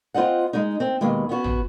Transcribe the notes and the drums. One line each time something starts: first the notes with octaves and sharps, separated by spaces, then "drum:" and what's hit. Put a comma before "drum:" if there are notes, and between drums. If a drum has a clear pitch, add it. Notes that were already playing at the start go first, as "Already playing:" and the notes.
C4 F4 C5 D#5 F#5
G#3 D#4
C4
D#2 B2 G#3
B3 C#4 F#4
drum: tom